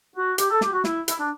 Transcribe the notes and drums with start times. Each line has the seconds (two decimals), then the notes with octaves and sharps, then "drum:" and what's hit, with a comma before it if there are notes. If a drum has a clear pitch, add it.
0.15 F#4
0.38 G4, drum: hi-hat
0.50 A4
0.61 G4, drum: snare
0.73 F#4
0.84 E4, drum: snare
1.08 E4, drum: hi-hat
1.18 D4